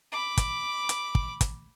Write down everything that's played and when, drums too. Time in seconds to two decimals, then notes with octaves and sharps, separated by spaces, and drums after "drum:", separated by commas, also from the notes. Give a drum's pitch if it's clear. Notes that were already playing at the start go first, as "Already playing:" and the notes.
0.12 B5 D6
0.37 drum: kick, hi-hat
0.89 drum: hi-hat
1.15 drum: kick
1.41 drum: kick, hi-hat